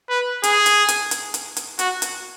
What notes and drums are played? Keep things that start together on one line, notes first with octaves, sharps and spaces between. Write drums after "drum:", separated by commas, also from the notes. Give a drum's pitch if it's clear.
B4
G#4, drum: hi-hat
drum: hi-hat
drum: hi-hat
drum: hi-hat
drum: hi-hat
drum: hi-hat
F#4, drum: hi-hat
drum: hi-hat